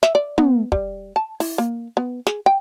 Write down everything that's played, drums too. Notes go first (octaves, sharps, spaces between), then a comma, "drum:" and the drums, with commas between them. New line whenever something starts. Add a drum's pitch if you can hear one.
E5, drum: snare
D5
B3, drum: tom
G3, drum: kick
A5
E4, drum: open hi-hat
A#3
B3
G#4, drum: snare
G5